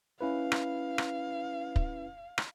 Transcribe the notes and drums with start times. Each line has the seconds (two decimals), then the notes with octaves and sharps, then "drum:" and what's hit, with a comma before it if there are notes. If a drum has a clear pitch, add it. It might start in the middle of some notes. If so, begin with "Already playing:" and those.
0.21 C#4 E4 B4 F5
0.52 drum: rim click
0.98 drum: rim click
1.76 drum: kick
2.38 drum: rim click